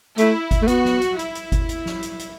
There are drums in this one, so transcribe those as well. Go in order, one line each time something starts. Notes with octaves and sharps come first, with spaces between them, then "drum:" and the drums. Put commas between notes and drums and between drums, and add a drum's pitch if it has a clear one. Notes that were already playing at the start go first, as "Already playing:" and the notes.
A3 E4, drum: hi-hat
drum: kick G1, hi-hat
A3
B3 F#4, drum: hi-hat
drum: snare
drum: hi-hat
E4, drum: hi-hat
drum: hi-hat
drum: kick G1, hi-hat
drum: hi-hat
drum: snare
drum: hi-hat
drum: hi-hat